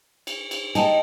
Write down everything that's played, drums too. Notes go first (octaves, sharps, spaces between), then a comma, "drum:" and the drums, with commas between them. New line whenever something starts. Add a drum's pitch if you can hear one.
drum: cymbal
drum: cymbal
D#4 G5 A5, drum: cymbal